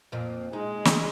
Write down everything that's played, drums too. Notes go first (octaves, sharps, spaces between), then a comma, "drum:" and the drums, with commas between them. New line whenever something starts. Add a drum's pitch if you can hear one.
F2 A#2
G#3 D#4
drum: snare